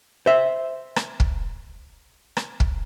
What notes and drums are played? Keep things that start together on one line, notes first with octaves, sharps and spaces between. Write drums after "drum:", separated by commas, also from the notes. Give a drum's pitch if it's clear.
C5 E5
drum: rim click
drum: kick
drum: rim click
drum: kick